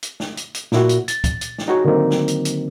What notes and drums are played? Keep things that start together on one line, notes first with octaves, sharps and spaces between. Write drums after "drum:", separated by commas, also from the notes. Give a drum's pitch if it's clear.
drum: hi-hat
drum: snare
drum: hi-hat
drum: hi-hat
A#2 E4 F#4, drum: snare
drum: hi-hat
A6, drum: hi-hat
drum: kick, hi-hat
drum: hi-hat
drum: snare
D#4 F#4 G#4 C#5
D3 D#3 F#3 A#3 C4 D#4
drum: snare
drum: hi-hat
drum: hi-hat